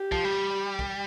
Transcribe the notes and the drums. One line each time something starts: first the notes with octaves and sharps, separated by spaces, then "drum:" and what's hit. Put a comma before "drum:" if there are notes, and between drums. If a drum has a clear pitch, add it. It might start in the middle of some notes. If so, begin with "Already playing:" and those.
Already playing: G4
F3, drum: kick
G3
drum: kick